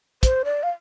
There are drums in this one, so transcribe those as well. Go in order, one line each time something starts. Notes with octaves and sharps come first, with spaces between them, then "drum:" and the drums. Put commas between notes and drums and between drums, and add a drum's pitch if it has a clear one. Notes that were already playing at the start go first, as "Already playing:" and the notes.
C5, drum: kick, hi-hat
D5
F5